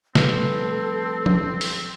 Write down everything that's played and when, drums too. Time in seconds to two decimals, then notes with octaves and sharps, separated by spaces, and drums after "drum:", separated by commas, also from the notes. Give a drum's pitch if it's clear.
0.15 F3 G3 A3 C4 A4 B4, drum: snare
1.26 drum: tom F3
1.61 drum: open hi-hat